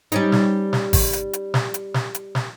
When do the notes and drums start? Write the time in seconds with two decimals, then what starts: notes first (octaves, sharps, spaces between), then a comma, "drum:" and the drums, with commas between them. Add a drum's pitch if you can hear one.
0.12 G3 C#4 D#4, drum: hi-hat
0.32 drum: snare
0.73 drum: snare
0.93 drum: kick G#1, open hi-hat
1.13 drum: hi-hat
1.33 drum: hi-hat
1.54 drum: snare
1.74 drum: hi-hat
1.94 drum: snare
2.15 drum: hi-hat
2.35 drum: snare